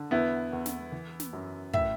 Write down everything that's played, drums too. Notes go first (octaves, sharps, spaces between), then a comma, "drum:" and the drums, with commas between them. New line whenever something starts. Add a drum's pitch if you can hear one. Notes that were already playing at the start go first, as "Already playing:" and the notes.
Already playing: D3
E2 B3 E4
E2
drum: snare
E3
drum: snare
F#2
A2 E5, drum: kick